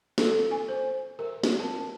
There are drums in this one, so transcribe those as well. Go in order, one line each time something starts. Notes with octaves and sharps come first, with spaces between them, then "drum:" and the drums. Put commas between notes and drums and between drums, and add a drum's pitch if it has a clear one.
A4, drum: snare
G#5
C5
A#4
drum: snare
A5